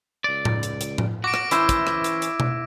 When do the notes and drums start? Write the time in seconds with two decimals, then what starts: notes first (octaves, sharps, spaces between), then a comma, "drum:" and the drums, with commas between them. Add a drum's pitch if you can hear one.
0.24 C#2 D5
0.45 drum: tom A2
0.63 drum: hi-hat
0.81 drum: hi-hat
0.98 drum: tom A2
1.24 F#4 D6 A#6 D7
1.34 drum: rim click
1.51 E3 C#4 E4 C5, drum: hi-hat
1.69 drum: kick, hi-hat
1.87 drum: rim click
2.04 drum: hi-hat
2.22 drum: hi-hat
2.40 drum: tom B2